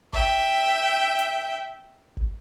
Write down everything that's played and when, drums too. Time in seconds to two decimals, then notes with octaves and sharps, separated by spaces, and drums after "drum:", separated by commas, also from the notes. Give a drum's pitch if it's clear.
0.13 E5 G5, drum: kick G1
1.19 drum: hi-hat
2.17 drum: kick G1